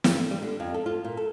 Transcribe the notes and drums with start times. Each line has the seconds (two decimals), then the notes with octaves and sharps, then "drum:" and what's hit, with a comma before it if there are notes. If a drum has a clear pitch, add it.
0.04 G2, drum: snare
0.17 D3
0.31 G3
0.43 D3
0.60 F2
0.74 A4
0.86 F4
1.04 A#2
1.17 A4